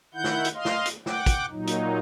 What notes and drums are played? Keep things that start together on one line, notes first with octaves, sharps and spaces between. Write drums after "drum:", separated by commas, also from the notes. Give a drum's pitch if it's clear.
D#3 E4 F#5 G6
drum: snare
drum: hi-hat
D#5 F5 C6
drum: snare
drum: hi-hat
F#5 G5 D6, drum: snare
drum: kick, hi-hat
A#2 F#3 D#4
drum: hi-hat